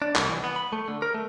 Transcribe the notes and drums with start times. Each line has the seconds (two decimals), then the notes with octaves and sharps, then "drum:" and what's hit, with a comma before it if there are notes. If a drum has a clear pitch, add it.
0.02 D4
0.15 C2, drum: clap
0.29 E3
0.44 B3
0.56 B5
0.73 A3
0.88 D3
1.02 A#4
1.14 A3